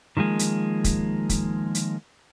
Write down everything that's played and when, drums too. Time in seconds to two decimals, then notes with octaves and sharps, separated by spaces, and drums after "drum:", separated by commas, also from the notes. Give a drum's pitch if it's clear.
0.17 D#3 F3 F#3 G#3 A#3
0.39 drum: hi-hat
0.84 drum: kick, hi-hat
1.29 drum: kick, hi-hat
1.75 drum: hi-hat